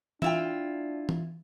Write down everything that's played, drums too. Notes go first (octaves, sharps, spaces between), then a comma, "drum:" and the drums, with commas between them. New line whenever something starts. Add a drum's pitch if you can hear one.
D4 E4 F4 G5, drum: tom
drum: tom